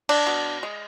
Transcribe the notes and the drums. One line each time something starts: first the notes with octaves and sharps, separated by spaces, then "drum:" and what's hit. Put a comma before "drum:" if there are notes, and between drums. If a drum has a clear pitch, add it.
D4, drum: cymbal
B2
G#3